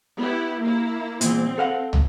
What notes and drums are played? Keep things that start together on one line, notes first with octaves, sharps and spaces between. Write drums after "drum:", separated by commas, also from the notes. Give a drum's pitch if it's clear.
B3 E4 G4
A#3 E4
E2 A#2 C4, drum: hi-hat
A4 F5 F#5
drum: tom